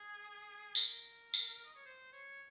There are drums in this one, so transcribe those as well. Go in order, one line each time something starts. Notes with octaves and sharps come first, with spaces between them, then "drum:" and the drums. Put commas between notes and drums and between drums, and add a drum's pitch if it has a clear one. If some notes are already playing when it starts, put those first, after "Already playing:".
Already playing: G#4
A#4, drum: tambourine
drum: tambourine
D#5
C#5
C5
C#5